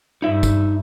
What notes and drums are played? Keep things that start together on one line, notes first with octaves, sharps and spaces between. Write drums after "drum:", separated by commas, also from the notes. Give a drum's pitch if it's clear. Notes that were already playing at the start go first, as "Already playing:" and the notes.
G2 D#4 E5
drum: kick, tambourine